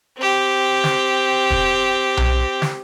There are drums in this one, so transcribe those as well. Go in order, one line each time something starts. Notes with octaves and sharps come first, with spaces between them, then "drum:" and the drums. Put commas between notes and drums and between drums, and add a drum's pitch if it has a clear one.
C4 G4
drum: snare
drum: kick
drum: tom B1
drum: snare